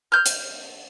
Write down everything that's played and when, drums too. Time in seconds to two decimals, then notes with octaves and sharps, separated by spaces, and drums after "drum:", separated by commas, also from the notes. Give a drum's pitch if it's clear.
0.12 F6 G6
0.26 drum: hi-hat